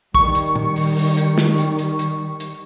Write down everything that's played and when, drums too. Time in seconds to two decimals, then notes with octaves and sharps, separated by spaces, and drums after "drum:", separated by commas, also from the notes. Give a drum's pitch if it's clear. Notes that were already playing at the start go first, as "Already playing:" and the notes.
0.15 D#3 G3 C#6, drum: kick
0.35 drum: hi-hat
0.56 drum: tom A#2
0.76 drum: open hi-hat
0.97 drum: open hi-hat
1.17 drum: hi-hat
1.38 drum: snare
1.58 drum: hi-hat
1.79 drum: hi-hat
1.99 drum: hi-hat
2.40 drum: hi-hat